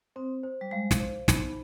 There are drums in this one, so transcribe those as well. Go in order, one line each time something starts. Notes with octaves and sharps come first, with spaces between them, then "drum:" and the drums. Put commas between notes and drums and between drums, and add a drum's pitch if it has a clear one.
C4 C5
C5
G3
G#3 F5
drum: snare
C5
B3 D#4, drum: snare